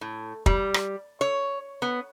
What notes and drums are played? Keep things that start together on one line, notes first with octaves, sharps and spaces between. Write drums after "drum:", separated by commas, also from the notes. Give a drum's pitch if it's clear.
A2
G3, drum: kick
drum: rim click
C#5
B3